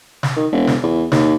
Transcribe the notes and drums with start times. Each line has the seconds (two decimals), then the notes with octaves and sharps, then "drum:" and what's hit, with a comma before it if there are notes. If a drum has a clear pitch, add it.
0.23 drum: snare
0.36 D#3
0.52 E1
0.67 drum: snare
0.83 E2
1.12 D#2, drum: snare